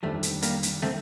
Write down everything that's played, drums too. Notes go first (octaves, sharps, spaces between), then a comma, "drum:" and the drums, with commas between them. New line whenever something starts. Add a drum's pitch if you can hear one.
F1 D#2 D#3 F3 G3 A3 D4
drum: hi-hat
G3 A#3, drum: hi-hat
drum: hi-hat
D#3 A3 A#3 C4, drum: snare